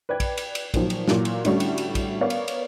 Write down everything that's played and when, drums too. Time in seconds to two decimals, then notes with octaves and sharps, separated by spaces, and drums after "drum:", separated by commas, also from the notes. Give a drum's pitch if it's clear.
0.09 B4 D5 G5 G#6
0.20 drum: kick, cymbal
0.37 drum: cymbal
0.55 drum: cymbal
0.74 A#2 D#3 F3 F#3, drum: kick, cymbal
0.90 drum: cymbal
1.08 A#2 E3 F#3 F4, drum: snare
1.25 drum: cymbal
1.45 A2 D3 G3 A3 C#4 F#4, drum: cymbal
1.60 drum: cymbal
1.78 drum: cymbal
1.95 drum: kick, cymbal
2.21 B3 A#4 C#5 D5 F5
2.30 drum: cymbal
2.48 drum: cymbal